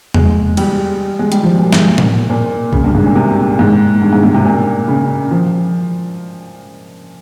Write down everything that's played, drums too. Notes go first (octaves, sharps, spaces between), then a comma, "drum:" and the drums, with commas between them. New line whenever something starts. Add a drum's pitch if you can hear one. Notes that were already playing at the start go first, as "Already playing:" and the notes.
G#3, drum: tom E2
G3, drum: cymbal
G#3
G3, drum: hi-hat
F3
A#2
G#2, drum: snare
A#2
drum: tom A2
A#2
C#3, drum: kick A#1
G2
G#2
A#2
C3
G#2
G2
G#2
G#2
C3
A#2
C#3
F3